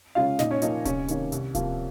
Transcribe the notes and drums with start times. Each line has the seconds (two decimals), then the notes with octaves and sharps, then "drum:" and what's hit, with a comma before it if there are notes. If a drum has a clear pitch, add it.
0.15 C#3 G#3 C#4 F4 F5
0.39 A#2 D#4 D#5, drum: snare
0.51 C#4 C#5
0.62 F3 A#3 C#4 D#4 D#5, drum: hi-hat
0.85 C2 C#4 C#5, drum: kick D1, hi-hat
1.08 C3 D#3 A#3 C#4, drum: hi-hat
1.32 C2, drum: hi-hat
1.55 C3 F3 A#3, drum: kick D1, hi-hat